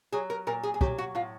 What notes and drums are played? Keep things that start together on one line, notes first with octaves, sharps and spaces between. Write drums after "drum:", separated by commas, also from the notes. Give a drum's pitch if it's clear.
F#3 G#4
A#4
A#2 A#4
G#4
G#4
F#3 G4, drum: kick
F#4
A2 F4